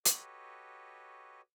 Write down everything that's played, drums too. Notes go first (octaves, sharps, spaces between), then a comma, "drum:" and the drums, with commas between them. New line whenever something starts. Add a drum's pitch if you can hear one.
F#4 G4 A4 B4 C#5 D#5, drum: hi-hat